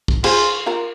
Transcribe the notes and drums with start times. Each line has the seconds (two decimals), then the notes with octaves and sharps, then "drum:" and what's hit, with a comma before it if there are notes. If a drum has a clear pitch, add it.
0.08 drum: kick
0.24 F4 G#4 C5, drum: cymbal
0.66 F4 A#4